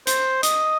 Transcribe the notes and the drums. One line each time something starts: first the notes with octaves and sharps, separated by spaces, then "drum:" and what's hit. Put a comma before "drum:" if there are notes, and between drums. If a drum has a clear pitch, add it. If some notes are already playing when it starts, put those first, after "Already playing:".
C5, drum: hi-hat
D#5, drum: hi-hat